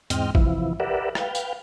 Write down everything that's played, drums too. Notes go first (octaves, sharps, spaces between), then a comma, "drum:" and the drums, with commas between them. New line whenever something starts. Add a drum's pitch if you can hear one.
E2 G#2 C4 D#5 G5 F6, drum: hi-hat
C3 E3 F3 E4, drum: kick A1
G4 A#4 B4 D5 E5 F#5
B4 F5 G5, drum: rim click
drum: tambourine